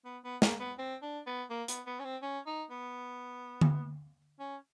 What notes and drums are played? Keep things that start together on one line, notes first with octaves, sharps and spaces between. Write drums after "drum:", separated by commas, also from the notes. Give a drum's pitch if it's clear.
B3
B3
A#3, drum: snare
B3
C4
D4
B3
A#3
B3, drum: hi-hat
B3
C#4
C4
C#4
D#4
B3
drum: tom D3
C#4